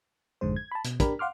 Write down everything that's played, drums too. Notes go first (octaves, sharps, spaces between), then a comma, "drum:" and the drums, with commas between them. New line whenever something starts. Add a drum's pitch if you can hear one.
G#1 F2 G#2 D3 G#3 C5
G#6
A5 B5
B2, drum: hi-hat
D4 G4 A#4 B5, drum: kick, hi-hat
F5 F#5 C6 D6 F6